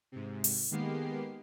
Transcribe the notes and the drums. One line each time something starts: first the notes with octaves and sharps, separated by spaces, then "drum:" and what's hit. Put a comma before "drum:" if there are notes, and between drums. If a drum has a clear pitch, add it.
G#2 C3
drum: open hi-hat
D#3 G#3 A#3 B3 G4 C7